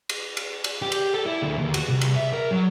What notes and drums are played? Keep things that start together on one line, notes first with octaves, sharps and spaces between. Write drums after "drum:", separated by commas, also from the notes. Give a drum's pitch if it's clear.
drum: cymbal
drum: cymbal
drum: cymbal
G4
drum: cymbal
A4
E4
D2
D#2
F#4, drum: cymbal
C2
drum: cymbal
E5
A#4
F#3